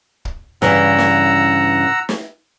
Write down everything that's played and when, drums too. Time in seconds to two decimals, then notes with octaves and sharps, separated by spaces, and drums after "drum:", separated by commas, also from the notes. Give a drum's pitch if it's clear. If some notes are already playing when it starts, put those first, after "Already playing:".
0.25 drum: kick
0.62 G2 C#3 E3 F#5 A#5 E6, drum: snare
0.99 drum: snare
2.09 drum: snare